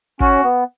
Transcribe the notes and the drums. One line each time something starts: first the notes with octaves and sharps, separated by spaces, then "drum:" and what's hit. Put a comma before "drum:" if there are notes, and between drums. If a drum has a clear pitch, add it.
C#4 F#4, drum: kick
B3